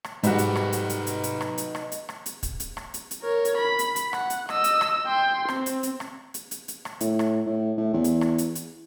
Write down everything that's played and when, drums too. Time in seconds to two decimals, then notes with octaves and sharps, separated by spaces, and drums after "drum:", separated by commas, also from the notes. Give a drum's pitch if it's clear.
0.04 drum: rim click
0.24 G#2 G3 D#4 F#4 B4, drum: hi-hat
0.38 drum: hi-hat
0.55 drum: rim click
0.73 drum: hi-hat
0.90 drum: hi-hat
1.07 drum: hi-hat
1.24 drum: hi-hat
1.41 drum: rim click
1.58 drum: hi-hat
1.75 drum: rim click
1.92 drum: hi-hat
2.09 drum: rim click
2.26 drum: hi-hat
2.43 drum: kick, hi-hat
2.60 drum: hi-hat
2.77 drum: rim click
2.94 drum: hi-hat
3.11 drum: hi-hat
3.22 A#4 C#5
3.45 drum: hi-hat
3.58 B5
3.79 drum: hi-hat
3.96 drum: hi-hat
4.13 F#5, drum: rim click
4.30 drum: hi-hat
4.49 D#5 E6, drum: rim click
4.64 drum: hi-hat
4.81 drum: rim click
5.07 G5 C6
5.49 C4, drum: rim click
5.66 drum: hi-hat
5.83 drum: hi-hat
6.00 drum: rim click
6.34 drum: hi-hat
6.51 drum: hi-hat
6.68 drum: hi-hat
6.85 drum: rim click
7.01 A2, drum: hi-hat
7.19 drum: rim click
7.46 A2
7.77 A2
7.93 E2
8.04 drum: hi-hat
8.21 drum: rim click
8.38 drum: hi-hat
8.55 drum: hi-hat